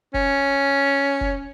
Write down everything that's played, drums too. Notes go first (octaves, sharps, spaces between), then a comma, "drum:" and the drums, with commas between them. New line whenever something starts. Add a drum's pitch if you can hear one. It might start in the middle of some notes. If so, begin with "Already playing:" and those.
C#4, drum: kick
drum: kick